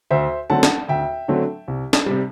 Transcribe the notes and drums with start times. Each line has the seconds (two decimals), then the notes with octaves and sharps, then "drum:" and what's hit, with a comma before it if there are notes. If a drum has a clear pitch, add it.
0.11 D2 C5 E5
0.50 D3 F#3 A3 C4 F#5 A5
0.63 drum: snare
0.88 D2 E5 G5
1.28 D3 F#3 A3 C4
1.68 C2
1.93 drum: snare
2.06 C3 G3